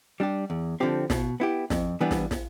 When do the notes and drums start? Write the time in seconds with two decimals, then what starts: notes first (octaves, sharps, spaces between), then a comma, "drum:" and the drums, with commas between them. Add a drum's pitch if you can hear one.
0.20 G3 D4 G4
0.50 E2
0.80 D3 F3 C4 G4
1.10 B2, drum: snare
1.40 B3 E4 G4
1.70 F2, drum: snare
2.01 E3 G3 B3 D4
2.11 drum: snare
2.31 drum: snare